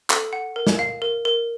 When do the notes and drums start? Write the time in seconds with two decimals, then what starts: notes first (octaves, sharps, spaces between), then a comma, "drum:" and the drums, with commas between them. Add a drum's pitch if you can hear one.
0.10 A4, drum: clap
0.33 F#5
0.56 A#4
0.67 drum: snare
0.79 F5
1.02 A#4
1.25 A#4